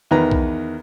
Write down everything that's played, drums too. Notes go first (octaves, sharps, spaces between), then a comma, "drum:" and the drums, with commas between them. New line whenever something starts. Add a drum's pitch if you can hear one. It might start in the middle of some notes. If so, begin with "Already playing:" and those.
E2 D#3 B4 A#5
drum: kick B1